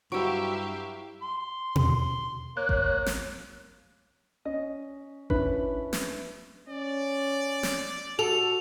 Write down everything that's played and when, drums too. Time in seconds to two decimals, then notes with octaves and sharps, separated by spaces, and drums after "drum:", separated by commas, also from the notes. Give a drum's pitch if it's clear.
0.12 G2 F#3 E4 G4 E5 F5 C#6 D7
1.22 C6
1.76 C6, drum: tom
2.57 A#3 C#5 F#6
2.69 drum: kick G#1
3.06 drum: snare
4.45 C#4 D#5
5.30 C#4 D4 E4 B4, drum: kick G#1
5.93 drum: snare
6.69 C#4 D5
7.63 drum: snare
8.19 F#4 A4 F7